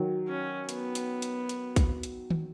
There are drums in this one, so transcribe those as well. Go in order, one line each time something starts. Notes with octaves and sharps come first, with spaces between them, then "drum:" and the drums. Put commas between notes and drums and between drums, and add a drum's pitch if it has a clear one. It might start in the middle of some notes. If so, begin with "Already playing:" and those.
Already playing: D#3 F#3
C#4
B3, drum: hi-hat
drum: hi-hat
drum: hi-hat
drum: hi-hat
drum: kick, hi-hat
drum: hi-hat
drum: tom D#3